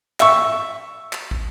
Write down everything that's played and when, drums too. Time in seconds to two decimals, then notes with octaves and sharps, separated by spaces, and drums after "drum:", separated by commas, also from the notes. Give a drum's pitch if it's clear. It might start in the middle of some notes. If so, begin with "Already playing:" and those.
0.20 E5 C#6, drum: clap
1.13 drum: clap
1.31 drum: kick